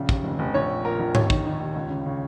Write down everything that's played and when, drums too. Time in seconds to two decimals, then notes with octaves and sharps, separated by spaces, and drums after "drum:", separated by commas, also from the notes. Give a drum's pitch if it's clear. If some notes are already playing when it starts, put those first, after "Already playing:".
Already playing: A#1 C#3
0.09 D#2, drum: kick
0.24 F1
0.39 F1
0.54 A#1 C#5
0.69 A#2
0.85 A#2 A#4
1.00 A#1
1.15 D#2 C#5, drum: tom G#2
1.30 D#3, drum: kick
1.45 D#3
1.60 D#2
1.76 C#2
1.90 C#3
2.06 C#3